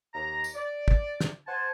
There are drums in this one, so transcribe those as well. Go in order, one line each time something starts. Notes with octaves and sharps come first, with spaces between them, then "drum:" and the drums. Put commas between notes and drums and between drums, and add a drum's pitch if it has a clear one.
D#2 A#5
drum: tambourine
D5
drum: kick
drum: snare
C5 F#5 G#5 A5